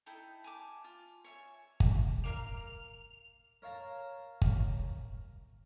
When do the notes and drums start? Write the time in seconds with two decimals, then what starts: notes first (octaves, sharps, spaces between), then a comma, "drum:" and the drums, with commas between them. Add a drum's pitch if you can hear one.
0.06 D#4 E4 A4 G5
0.44 G#5 A5 C6 D6
0.84 F4
1.24 C#5 E5 G#5
1.80 drum: kick G1
2.24 A#3 A#4 F5 F7
3.62 A#4 C#5 F5 A5 A#5
4.42 drum: kick G1